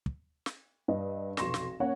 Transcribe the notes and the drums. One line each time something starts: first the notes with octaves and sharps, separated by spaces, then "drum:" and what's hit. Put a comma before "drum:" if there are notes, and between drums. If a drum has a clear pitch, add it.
drum: kick
drum: snare
G2 D#5
F1 B1 C6 C#6 A#6 E7, drum: snare
drum: snare
A#3 C#4 C#5 F#5